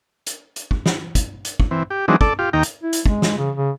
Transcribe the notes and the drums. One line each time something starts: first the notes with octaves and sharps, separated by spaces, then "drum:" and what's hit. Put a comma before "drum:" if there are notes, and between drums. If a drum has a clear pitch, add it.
drum: hi-hat
drum: hi-hat
drum: kick
drum: snare
drum: kick, hi-hat
drum: hi-hat
drum: kick
E3 C4
G4
E3 F#3 G#3 C4 D4 D#4
A4 D5, drum: kick
F4 G4
D#2 D#4 G5 A#5
drum: hi-hat
E4
drum: hi-hat
G#3, drum: kick
drum: snare
C#3
C#3